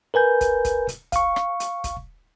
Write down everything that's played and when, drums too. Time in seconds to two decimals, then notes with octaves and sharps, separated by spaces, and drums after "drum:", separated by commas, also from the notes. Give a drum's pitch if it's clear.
0.14 A#4 B4 G#5 G6
0.41 drum: kick, hi-hat
0.65 drum: kick, hi-hat
0.88 drum: hi-hat
1.12 F5 C#6, drum: kick, hi-hat
1.36 drum: rim click
1.60 drum: hi-hat
1.84 drum: kick, hi-hat